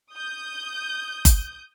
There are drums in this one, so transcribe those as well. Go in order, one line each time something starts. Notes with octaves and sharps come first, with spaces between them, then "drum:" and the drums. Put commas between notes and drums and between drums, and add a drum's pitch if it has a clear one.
D#6 G6
drum: kick F#1, hi-hat